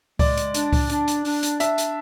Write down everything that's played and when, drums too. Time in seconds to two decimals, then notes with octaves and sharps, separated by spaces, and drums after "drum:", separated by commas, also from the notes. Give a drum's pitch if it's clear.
0.19 G#3 D5, drum: kick C#2, open hi-hat
0.37 drum: hi-hat
0.54 D4, drum: hi-hat
0.73 drum: kick C#2, open hi-hat
0.90 D4, drum: hi-hat
1.08 drum: hi-hat
1.25 D4, drum: open hi-hat
1.43 drum: hi-hat
1.60 D4 E5, drum: hi-hat
1.78 drum: hi-hat